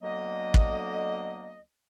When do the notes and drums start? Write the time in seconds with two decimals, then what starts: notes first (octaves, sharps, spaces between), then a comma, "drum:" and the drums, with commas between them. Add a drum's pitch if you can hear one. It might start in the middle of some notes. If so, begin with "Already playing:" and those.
0.02 D2 D3 F#3 A#3 B3 D#5
0.54 drum: kick